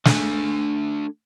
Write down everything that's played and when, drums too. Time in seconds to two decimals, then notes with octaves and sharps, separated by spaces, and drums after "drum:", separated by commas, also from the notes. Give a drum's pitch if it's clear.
0.05 D3 A3 D4 A4 G#5, drum: snare